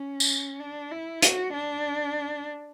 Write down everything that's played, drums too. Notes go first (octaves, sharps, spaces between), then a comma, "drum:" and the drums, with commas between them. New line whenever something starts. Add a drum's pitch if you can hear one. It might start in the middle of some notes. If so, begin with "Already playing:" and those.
Already playing: C#4
drum: tambourine
D4
E4
F#4, drum: hi-hat
D4